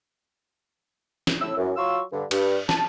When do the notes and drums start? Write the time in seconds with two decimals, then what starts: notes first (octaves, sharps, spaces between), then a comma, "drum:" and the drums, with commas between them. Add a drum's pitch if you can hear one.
1.27 drum: snare
1.41 A2 E6
1.57 F#2 E3
1.77 F#3 F4 F5 C6 C#6 E6
2.13 G2 D3
2.31 G2, drum: cymbal
2.69 A5, drum: snare